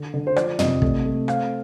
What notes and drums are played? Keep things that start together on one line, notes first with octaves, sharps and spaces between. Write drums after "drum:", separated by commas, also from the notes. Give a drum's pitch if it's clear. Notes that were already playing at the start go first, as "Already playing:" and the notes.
Already playing: D3
D3
C5
F3 D5, drum: rim click
C3 D#5, drum: tom
A3, drum: kick
A3
C4 F5, drum: rim click